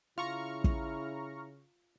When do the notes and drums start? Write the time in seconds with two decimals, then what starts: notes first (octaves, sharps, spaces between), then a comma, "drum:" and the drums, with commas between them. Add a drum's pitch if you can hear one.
0.18 C#3 E4 F4 A#5 C#6 F6
0.64 drum: kick